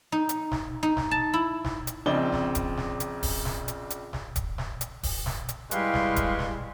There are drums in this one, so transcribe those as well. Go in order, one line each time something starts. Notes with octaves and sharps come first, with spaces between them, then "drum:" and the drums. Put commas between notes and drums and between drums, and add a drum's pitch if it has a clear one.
D#4
drum: hi-hat
drum: snare
D#4
drum: snare
A5
E4
drum: snare
drum: hi-hat
A#1 C#3 C4 D5 D#5 G7
drum: snare
drum: kick D1, hi-hat
drum: snare
drum: hi-hat
drum: kick D1, open hi-hat
drum: snare
drum: hi-hat
drum: hi-hat
drum: snare
drum: kick D1, hi-hat
drum: snare
drum: hi-hat
drum: kick D1, open hi-hat
drum: snare
drum: hi-hat
G3 G#3 E4 G4 B4 F5 C6 C#6, drum: hi-hat
drum: snare
drum: kick D1, hi-hat
drum: snare